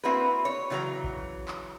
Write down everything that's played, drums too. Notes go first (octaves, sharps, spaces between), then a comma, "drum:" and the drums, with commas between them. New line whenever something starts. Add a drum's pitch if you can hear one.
A#3 C4 E4 F#4 A#4 B4
C#5
C#3 E3 F#3 G#4 A#5
drum: kick A1
drum: clap